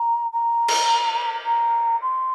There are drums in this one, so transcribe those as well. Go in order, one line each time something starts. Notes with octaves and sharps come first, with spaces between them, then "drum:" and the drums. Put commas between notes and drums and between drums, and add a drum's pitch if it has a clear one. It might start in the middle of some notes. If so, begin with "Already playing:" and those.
Already playing: A#5
A#5
drum: cymbal
A#5
C6